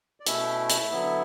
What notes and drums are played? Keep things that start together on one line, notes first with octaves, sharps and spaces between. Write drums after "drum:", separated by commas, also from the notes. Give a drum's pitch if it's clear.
D5
B2 A3 C#4 E4 E5, drum: hi-hat
drum: hi-hat
D3 F#3 B3 E4